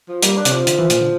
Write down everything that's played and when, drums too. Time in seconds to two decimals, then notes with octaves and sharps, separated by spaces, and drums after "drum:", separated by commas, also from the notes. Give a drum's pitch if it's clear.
0.09 F3
0.23 G3 A#3, drum: hi-hat
0.37 D4
0.45 C3, drum: hi-hat
0.52 F3
0.67 D3, drum: hi-hat
0.79 E3
0.90 A#2, drum: hi-hat
1.01 D3